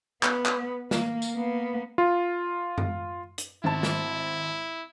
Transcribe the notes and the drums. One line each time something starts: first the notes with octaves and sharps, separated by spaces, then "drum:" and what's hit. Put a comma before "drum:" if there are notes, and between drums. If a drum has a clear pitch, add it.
B3, drum: clap
drum: clap
A#3, drum: snare
drum: tambourine
A#3 B3
F4
drum: tom F#2
drum: hi-hat
G#1 E4 A5
drum: snare